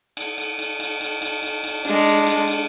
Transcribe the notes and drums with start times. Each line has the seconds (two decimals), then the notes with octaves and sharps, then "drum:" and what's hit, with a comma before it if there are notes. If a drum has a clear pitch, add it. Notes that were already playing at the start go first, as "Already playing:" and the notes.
0.17 drum: cymbal
0.38 drum: cymbal
0.59 drum: cymbal
0.80 drum: cymbal
1.01 drum: cymbal
1.22 drum: cymbal
1.43 drum: cymbal
1.64 drum: cymbal
1.85 G#3 D4, drum: cymbal
2.06 drum: cymbal
2.27 drum: cymbal
2.48 drum: cymbal